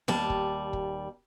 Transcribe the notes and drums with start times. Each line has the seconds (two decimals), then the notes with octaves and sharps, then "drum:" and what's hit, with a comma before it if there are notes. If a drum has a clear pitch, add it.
0.08 D#2 G3 A5, drum: snare B3
0.30 drum: kick
0.73 drum: kick